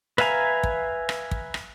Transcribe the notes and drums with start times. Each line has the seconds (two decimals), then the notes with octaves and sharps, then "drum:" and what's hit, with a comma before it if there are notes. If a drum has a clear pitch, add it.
0.18 B4 E5 F5 G#5 A#5, drum: rim click
0.63 drum: kick
1.09 drum: rim click
1.31 drum: kick
1.54 drum: rim click